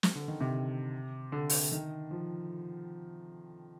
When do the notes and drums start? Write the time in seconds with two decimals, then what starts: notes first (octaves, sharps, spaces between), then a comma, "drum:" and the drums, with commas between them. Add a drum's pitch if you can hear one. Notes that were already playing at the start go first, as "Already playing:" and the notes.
0.03 drum: snare
0.15 D3
0.28 D#3
0.40 C3
1.32 D3
1.50 drum: open hi-hat
1.72 D#3
2.11 F3